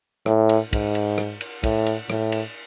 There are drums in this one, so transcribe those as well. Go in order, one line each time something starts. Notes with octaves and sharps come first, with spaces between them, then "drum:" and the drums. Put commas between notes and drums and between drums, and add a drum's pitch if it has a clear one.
A2, drum: rim click
drum: cymbal
G#2, drum: kick, cymbal
drum: cymbal
drum: rim click
drum: cymbal
A2, drum: kick, cymbal
drum: cymbal
A2, drum: rim click
drum: cymbal